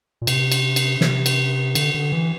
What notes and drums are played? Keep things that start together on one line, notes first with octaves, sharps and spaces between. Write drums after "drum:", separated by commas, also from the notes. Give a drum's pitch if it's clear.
A#2
C3, drum: cymbal
drum: cymbal
drum: cymbal
C3, drum: snare
drum: cymbal
D3, drum: cymbal
D3
E3